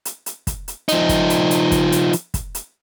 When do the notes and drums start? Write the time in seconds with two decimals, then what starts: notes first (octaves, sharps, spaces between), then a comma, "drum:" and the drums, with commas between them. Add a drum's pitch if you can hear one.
0.05 drum: hi-hat
0.26 drum: hi-hat
0.47 drum: kick, hi-hat
0.68 drum: hi-hat
0.88 F3 D#4, drum: hi-hat
1.09 drum: kick, hi-hat
1.30 drum: hi-hat
1.51 drum: hi-hat
1.72 drum: kick, hi-hat
1.92 drum: hi-hat
2.13 drum: hi-hat
2.34 drum: kick, hi-hat
2.55 drum: hi-hat